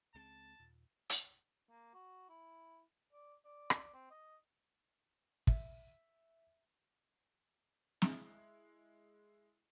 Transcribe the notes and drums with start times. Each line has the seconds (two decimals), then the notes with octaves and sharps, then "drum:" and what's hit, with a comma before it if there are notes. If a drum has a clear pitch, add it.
0.15 C#2 G#3 C4 A5
0.60 D#2 A#2
1.10 drum: hi-hat
1.70 A#3
1.94 F#4
2.29 E4
3.12 D5
3.45 D5
3.70 drum: rim click
3.94 C4
4.11 D#5
5.47 E5, drum: kick
8.02 G#3 E4, drum: snare